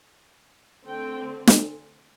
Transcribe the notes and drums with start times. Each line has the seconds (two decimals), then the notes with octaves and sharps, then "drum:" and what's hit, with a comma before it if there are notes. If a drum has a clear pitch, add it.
0.85 D3 A3 C4 G5
1.47 drum: snare